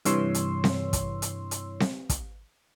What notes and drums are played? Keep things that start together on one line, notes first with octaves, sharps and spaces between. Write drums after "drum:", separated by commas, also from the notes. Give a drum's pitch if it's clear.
G2 C3 E3 C#5 C6 E6, drum: hi-hat
drum: hi-hat
drum: snare C4
drum: kick, hi-hat
drum: hi-hat
drum: hi-hat
drum: snare C4
drum: kick, hi-hat